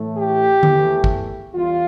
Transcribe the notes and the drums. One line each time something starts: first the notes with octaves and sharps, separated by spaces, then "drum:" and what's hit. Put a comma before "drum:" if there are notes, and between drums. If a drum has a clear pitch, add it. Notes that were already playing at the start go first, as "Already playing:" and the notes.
Already playing: A2 E3 A3
G4
E2 E3 A3, drum: tom D3
drum: kick
E2 E3 G3 F4